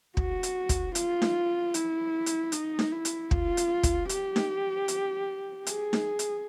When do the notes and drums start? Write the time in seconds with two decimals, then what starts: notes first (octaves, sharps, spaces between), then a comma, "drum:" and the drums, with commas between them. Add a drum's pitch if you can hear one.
0.17 F#4, drum: kick
0.43 drum: hi-hat
0.69 drum: kick, hi-hat
0.95 F4, drum: hi-hat
1.22 drum: snare D#4
1.74 E4, drum: hi-hat
2.26 drum: hi-hat
2.52 D#4, drum: hi-hat
2.79 drum: snare D#4
2.91 E4
3.05 drum: hi-hat
3.31 F4, drum: kick
3.57 drum: hi-hat
3.83 drum: kick, hi-hat
4.09 G4, drum: hi-hat
4.36 drum: snare D#4
4.88 drum: hi-hat
5.67 G#4, drum: hi-hat
5.93 drum: snare D#4
6.19 drum: hi-hat